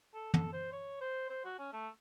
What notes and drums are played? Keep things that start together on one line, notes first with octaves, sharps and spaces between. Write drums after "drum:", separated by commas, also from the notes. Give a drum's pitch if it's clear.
A4
A4, drum: tom
C5
C#5
C5
C5
F#4
C#4
A3